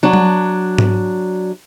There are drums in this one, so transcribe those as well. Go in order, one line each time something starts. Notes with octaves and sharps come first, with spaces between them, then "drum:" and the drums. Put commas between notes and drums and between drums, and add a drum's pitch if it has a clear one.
F#3 D4
drum: tom F#3
drum: tom G#2